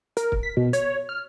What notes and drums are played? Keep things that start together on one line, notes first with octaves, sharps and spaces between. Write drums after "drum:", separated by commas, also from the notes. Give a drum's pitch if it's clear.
A#4, drum: hi-hat
drum: kick
B6
B2
C#5, drum: hi-hat
F6